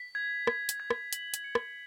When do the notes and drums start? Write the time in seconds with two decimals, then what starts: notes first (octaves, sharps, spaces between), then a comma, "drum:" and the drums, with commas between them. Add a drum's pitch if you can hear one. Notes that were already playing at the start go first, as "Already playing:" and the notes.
Already playing: B6
0.15 G#6
0.47 G#6, drum: rim click
0.69 drum: hi-hat
0.80 G#6
0.90 drum: rim click
1.13 F#7, drum: hi-hat
1.34 drum: hi-hat
1.44 C#7
1.55 drum: rim click